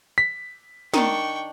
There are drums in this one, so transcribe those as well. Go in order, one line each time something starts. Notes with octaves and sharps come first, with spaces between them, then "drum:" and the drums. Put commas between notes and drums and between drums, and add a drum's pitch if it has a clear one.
B6
D#3 D4 G5 C#6, drum: snare